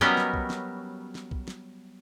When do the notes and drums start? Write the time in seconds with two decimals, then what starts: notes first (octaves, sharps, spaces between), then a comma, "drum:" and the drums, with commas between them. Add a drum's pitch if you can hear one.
0.01 F#3 G3 B3 C#4 A#4 D#5
0.17 drum: snare
0.34 drum: kick
0.50 drum: snare
1.15 drum: snare
1.31 drum: kick
1.48 drum: snare